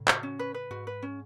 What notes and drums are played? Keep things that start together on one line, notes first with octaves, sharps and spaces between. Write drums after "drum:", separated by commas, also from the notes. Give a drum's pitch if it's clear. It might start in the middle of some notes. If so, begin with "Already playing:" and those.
Already playing: A2 C#3
F#4, drum: clap
C#4
B4
B4
G#2 F#4
B4
C#4